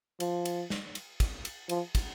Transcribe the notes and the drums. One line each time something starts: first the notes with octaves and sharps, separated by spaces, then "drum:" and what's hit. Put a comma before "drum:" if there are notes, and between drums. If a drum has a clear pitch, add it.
F3, drum: cymbal
drum: cymbal
drum: snare
drum: cymbal
drum: kick, cymbal
drum: cymbal
F3, drum: cymbal
drum: kick, cymbal